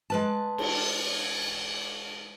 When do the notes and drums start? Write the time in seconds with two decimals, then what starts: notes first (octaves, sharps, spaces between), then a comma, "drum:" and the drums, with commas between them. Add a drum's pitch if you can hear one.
0.10 G#3 B4 A5
0.58 drum: cymbal